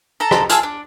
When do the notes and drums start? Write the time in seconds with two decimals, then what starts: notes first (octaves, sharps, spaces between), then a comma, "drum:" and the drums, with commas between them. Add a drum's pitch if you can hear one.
0.20 A4 A#5
0.31 drum: rim click
0.50 F4 G#4 A5 E6, drum: hi-hat
0.63 D4